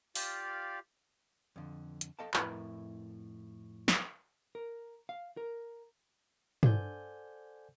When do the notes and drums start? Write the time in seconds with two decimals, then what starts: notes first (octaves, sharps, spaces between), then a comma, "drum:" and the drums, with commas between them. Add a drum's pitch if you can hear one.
0.15 F4 G4 D5 F5, drum: open hi-hat
1.56 F2 D3
2.01 drum: hi-hat
2.19 A4 D#5 F5 G5 A5
2.34 F2 A2 E4 A#4 B4 A#5, drum: clap
3.88 drum: snare
4.55 A#4
5.09 F5
5.37 A#4
6.63 A4 C5 D5 F#5 G#5 G6, drum: tom